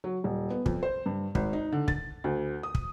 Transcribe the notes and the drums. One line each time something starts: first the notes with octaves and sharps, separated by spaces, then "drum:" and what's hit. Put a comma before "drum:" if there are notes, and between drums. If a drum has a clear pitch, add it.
F#3
D#1
B3
F2, drum: kick
C5
G2
G#1, drum: kick
D#4
D3
A6, drum: kick
D2
D#6
drum: kick